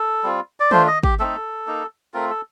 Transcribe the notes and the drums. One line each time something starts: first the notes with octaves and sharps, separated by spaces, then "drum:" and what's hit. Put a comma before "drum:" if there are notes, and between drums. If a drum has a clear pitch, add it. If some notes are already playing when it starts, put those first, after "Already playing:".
Already playing: A4
G3 C4 F4
D5
A3 D4 F4 C5, drum: tom D#3
D#5
G4, drum: kick
A3 C4 D#4 A4
A#3 D#4
A3 C4 F4 A#4
A4